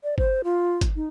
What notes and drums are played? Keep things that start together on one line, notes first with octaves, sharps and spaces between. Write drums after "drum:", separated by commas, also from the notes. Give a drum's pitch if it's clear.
D5
C5, drum: kick G1
F4
drum: kick G1, hi-hat
D#4